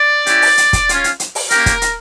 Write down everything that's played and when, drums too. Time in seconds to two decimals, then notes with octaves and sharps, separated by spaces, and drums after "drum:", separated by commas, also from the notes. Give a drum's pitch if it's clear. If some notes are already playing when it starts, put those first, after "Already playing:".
Already playing: D5
0.26 C#4 E4 G4, drum: hi-hat
0.42 drum: open hi-hat
0.58 drum: hi-hat
0.73 drum: kick, hi-hat
0.89 C#4 F4, drum: hi-hat
1.04 drum: hi-hat
1.20 drum: hi-hat
1.35 drum: open hi-hat
1.50 A#3 C#4 G4 A#4, drum: hi-hat
1.66 drum: kick, hi-hat
1.82 drum: hi-hat